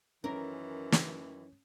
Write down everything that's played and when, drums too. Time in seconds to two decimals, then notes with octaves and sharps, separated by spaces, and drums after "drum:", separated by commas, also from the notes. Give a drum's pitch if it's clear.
0.24 F#2 D#3 E3 C#4 A#4
0.92 drum: snare